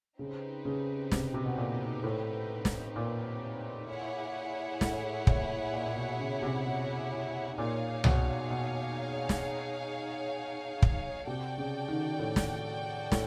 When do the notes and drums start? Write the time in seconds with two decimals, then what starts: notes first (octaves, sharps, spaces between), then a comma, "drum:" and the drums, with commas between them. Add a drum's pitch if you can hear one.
0.19 C#3 C4 D#4 G4 B4
0.65 C#3
1.12 C3, drum: snare
1.34 C3
1.45 B2
1.57 A#2
2.04 A2
2.65 drum: snare
2.96 A#2
3.88 E4 G#4 C#5 F#5
4.81 A2, drum: snare
5.27 A#2, drum: kick
5.73 A#2
5.86 A#2
5.96 B2
6.20 C#3
6.42 C3
6.65 B2
7.58 A#2 D#4 G#4 C#5 F5
8.04 B2, drum: tom C2
8.50 B2
9.29 drum: snare
10.82 drum: kick
11.26 C3 F#4 A4 D5 G5
11.58 C#3
11.88 D#3
12.19 A2
12.36 drum: snare
13.12 A2, drum: snare